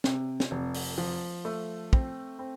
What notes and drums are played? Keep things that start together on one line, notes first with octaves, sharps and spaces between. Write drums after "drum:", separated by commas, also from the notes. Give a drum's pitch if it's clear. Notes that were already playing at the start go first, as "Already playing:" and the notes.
C3, drum: snare
drum: snare
F1
drum: open hi-hat
F3
A3
C4, drum: kick
C4